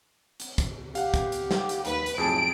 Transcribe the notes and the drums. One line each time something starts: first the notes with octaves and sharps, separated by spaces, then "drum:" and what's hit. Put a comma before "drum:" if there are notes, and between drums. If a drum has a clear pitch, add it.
drum: hi-hat
drum: kick, hi-hat
G4 F5 F#5, drum: hi-hat
drum: kick, hi-hat
drum: hi-hat
drum: snare
drum: hi-hat
D#2 B4, drum: hi-hat
drum: hi-hat
B1 F2 A2 G#4 A5 D7